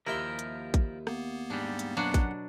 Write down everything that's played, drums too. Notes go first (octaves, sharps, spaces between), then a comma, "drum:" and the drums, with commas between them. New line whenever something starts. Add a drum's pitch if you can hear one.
D#2 F3 E4 A#4 E5 C6
drum: hi-hat
drum: kick, hi-hat
A#3 B3, drum: rim click
G#2 G3 D4
drum: hi-hat
F#2 B2 F#3 D4 F#5
drum: kick, hi-hat